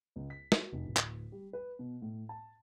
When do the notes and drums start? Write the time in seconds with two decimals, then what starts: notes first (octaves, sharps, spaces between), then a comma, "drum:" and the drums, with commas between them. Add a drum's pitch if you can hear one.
0.16 C#2
0.30 B6
0.52 F#4, drum: snare
0.73 F1
0.85 D1
0.97 drum: clap
1.32 G3
1.53 B4
1.79 B2
2.02 A2
2.29 A5